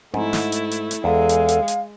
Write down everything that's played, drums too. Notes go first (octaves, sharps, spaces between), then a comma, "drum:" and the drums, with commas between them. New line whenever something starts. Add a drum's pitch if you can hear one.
G#2 A3 E4, drum: tom C4
drum: snare
drum: hi-hat
drum: hi-hat
drum: hi-hat
E2 G#3 A4 F5
drum: hi-hat
drum: hi-hat
drum: hi-hat